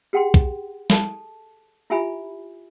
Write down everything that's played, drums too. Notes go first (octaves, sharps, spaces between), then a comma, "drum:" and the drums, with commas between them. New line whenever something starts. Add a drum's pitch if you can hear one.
G4 G#4 F#5 G5 C6
drum: kick
A4 A5, drum: snare
E4 F4 G4 E5 G#5 B5